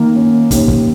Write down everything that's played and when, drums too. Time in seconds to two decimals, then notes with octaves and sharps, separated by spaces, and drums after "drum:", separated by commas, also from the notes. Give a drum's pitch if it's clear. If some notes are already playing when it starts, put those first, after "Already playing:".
Already playing: D#3 A#3
0.16 C#4
0.51 D#2, drum: kick, hi-hat
0.68 drum: kick